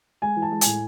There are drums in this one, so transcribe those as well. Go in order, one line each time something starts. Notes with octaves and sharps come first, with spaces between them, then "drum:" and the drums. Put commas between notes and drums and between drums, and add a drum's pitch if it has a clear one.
G#3 G#5
E3
A5
G#3
A2 G#5, drum: hi-hat